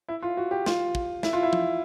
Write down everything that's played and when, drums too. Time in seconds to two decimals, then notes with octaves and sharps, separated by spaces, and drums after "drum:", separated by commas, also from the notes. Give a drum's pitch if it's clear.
0.08 E4
0.22 F4
0.37 F#4
0.51 G4
0.66 F4, drum: snare
0.95 drum: kick
1.23 E4, drum: snare
1.33 F4
1.43 E4
1.53 drum: tom F3